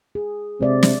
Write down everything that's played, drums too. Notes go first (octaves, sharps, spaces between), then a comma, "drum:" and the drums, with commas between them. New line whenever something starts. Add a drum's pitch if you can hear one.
G#4
C3 G#3 D5 E5
drum: snare